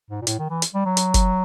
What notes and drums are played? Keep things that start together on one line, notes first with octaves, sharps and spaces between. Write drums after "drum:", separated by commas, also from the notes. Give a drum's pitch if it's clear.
G#2
A#2
A2, drum: hi-hat
D#3
E3
drum: hi-hat
G3
F#3
drum: hi-hat
drum: kick F#1, hi-hat